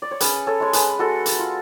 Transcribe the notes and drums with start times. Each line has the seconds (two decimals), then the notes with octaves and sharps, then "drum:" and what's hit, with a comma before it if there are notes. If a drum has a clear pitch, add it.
0.02 D5
0.11 C#5
0.20 C#4 G#4 B4, drum: hi-hat
0.47 A4 C#5
0.60 G#3 C#5
0.73 G#4 B4, drum: hi-hat
0.99 G#3 F#4 A4
1.26 drum: hi-hat
1.39 F4